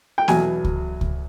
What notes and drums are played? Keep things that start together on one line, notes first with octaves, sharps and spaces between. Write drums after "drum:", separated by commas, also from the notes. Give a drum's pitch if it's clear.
G5
E2 B2 F#3 G#5, drum: snare A#3
drum: kick C#2
drum: kick C#2